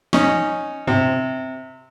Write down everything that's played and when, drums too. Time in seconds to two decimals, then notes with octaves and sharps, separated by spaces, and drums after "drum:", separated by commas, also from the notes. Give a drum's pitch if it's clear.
0.13 C#4 D#4, drum: snare
0.87 C3, drum: tom G2